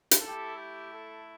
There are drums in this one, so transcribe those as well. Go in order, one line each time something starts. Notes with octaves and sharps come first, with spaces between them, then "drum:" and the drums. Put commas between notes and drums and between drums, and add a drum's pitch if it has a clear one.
drum: hi-hat
A3 E4 G4 A4
G4
A4